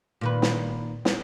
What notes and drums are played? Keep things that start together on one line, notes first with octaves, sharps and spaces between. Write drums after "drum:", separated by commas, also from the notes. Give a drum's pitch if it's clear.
A#2 D#3 B4
drum: snare
drum: snare